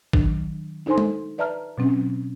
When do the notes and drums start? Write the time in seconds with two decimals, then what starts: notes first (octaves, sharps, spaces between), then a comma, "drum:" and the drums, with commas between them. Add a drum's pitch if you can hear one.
0.13 D#3 F#3 D4, drum: kick A1
0.86 D4 D#4 A4 C5 G#5 C6
0.98 drum: tom G#3
1.38 B4 D5 E5 A5 A#5 F6
1.78 B2 F#3 C4 C#4